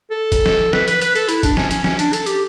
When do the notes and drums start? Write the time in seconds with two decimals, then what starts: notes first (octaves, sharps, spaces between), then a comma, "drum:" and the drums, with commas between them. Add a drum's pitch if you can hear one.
0.11 A4
0.32 drum: kick, hi-hat
0.46 drum: snare
0.73 B4, drum: snare
0.88 B4, drum: hi-hat
1.01 B4, drum: hi-hat
1.16 A4, drum: hi-hat
1.29 E4, drum: hi-hat
1.43 D4, drum: kick, hi-hat
1.57 C#4, drum: snare
1.71 C#4, drum: hi-hat
1.84 C#4, drum: snare
1.99 D4, drum: hi-hat
2.13 A4, drum: hi-hat
2.26 G4, drum: hi-hat